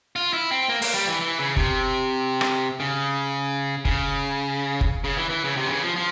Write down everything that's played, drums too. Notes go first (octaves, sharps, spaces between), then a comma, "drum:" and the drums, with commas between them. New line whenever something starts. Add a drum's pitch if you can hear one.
F4
E4
C4
A#3
A#3, drum: open hi-hat
G3
E3
E3
C#3
C3, drum: kick F#1
drum: rim click
C#3
C#3, drum: kick F#1
drum: kick F#1
C#3
E3
E3
C#3
C3
E3
C#3
F3
F3